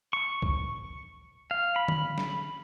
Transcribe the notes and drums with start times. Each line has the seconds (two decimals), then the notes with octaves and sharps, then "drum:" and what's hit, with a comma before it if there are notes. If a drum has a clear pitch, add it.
0.13 C#6
0.42 drum: kick C2
1.51 F5
1.76 B5
1.88 drum: tom D3
2.18 drum: snare